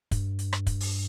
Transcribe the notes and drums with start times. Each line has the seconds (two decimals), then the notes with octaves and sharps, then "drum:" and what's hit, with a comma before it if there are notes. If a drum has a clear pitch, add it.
0.11 G2, drum: kick, hi-hat
0.39 drum: hi-hat
0.53 drum: rim click
0.67 drum: kick, hi-hat
0.80 drum: open hi-hat